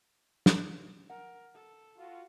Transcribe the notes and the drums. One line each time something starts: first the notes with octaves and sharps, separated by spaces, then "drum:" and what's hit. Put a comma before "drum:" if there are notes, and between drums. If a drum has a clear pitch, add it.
drum: snare
A#4 F#5
A4
F4 F#4